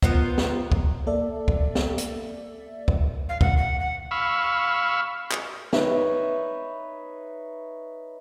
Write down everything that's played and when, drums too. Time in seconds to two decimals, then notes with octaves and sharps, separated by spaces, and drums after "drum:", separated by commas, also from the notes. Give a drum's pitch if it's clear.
0.03 B3 F4 A#4 C5, drum: kick
0.38 drum: snare
0.72 drum: kick
1.06 A#3 A4 D5 E5
1.48 drum: kick
1.75 drum: snare
1.98 drum: hi-hat
2.88 drum: kick
3.29 F5
3.41 F#5, drum: kick
3.57 F#5
3.80 F#5
4.11 F5 B5 C#6 E6
5.31 drum: clap
5.73 D#4 B4 C#5 E5, drum: snare